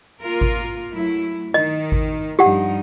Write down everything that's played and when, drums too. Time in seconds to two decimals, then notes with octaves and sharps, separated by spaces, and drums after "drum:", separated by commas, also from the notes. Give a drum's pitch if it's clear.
0.21 A#3 F4 A#4
0.41 drum: kick G#1
0.93 F#3 A3 E4
1.54 D#3 D#5
1.92 drum: kick G#1
2.39 G2 F3 D#4 G4 F#5